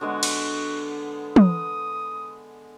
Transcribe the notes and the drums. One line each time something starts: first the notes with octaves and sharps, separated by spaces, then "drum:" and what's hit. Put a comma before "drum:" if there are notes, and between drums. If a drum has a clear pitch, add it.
D3 G#3 B3 F#4
drum: cymbal
D#6, drum: tom